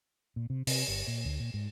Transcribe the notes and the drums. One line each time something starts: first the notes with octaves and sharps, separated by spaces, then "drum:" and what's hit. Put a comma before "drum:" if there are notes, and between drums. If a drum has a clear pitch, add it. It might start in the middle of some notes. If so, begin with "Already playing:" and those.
A#2
C3
C3, drum: open hi-hat
G1
A#2
D2
A#2
G#2